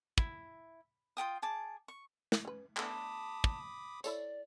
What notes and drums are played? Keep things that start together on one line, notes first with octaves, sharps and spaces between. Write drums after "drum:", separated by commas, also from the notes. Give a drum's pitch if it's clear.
E4, drum: kick
F4 A4 G5 D#6
G#4 A5 D6
C#6
drum: snare
C#4 B4
D3 A3 B3 A5 B5 D6 D#6, drum: clap
drum: kick
E4 A4 C#5 D5, drum: tambourine